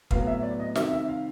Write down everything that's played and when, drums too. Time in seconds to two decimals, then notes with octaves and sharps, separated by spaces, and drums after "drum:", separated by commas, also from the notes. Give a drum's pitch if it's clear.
0.11 A2 F#3 B3 F5, drum: kick
0.27 E5
0.43 D5
0.60 D#5
0.75 C3 D#3 G3 C4 E5, drum: snare
0.92 E5
1.08 F5